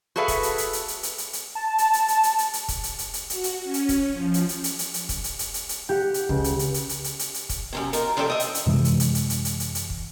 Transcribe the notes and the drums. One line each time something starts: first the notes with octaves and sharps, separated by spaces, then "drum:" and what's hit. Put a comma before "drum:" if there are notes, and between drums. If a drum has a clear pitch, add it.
F#4 G#4 A4 B4 E5 F5
drum: kick, hi-hat
drum: hi-hat
drum: hi-hat
drum: hi-hat
drum: hi-hat
drum: hi-hat
drum: hi-hat
drum: hi-hat
A5
drum: hi-hat
drum: hi-hat
drum: hi-hat
drum: hi-hat
drum: hi-hat
drum: hi-hat
drum: kick, hi-hat
drum: hi-hat
drum: hi-hat
drum: hi-hat
F#4, drum: hi-hat
drum: hi-hat
C#4
drum: hi-hat
drum: kick, hi-hat
F3
drum: hi-hat
drum: hi-hat
drum: hi-hat
drum: hi-hat
drum: hi-hat
drum: kick, hi-hat
drum: hi-hat
drum: hi-hat
drum: hi-hat
drum: hi-hat
G4 F#5
drum: hi-hat
C#2, drum: kick
drum: hi-hat
drum: hi-hat
drum: hi-hat
drum: hi-hat
drum: hi-hat
drum: hi-hat
drum: hi-hat
drum: kick, hi-hat
F#2 A2 C3
D#4 F4 A#4, drum: hi-hat
G2 F3 D4 A4 A#4 G5
D#5 E5
drum: hi-hat
drum: hi-hat
F#2 C3 E3 G#3
drum: hi-hat
drum: hi-hat
drum: hi-hat
drum: hi-hat
drum: hi-hat
drum: hi-hat
drum: hi-hat
drum: kick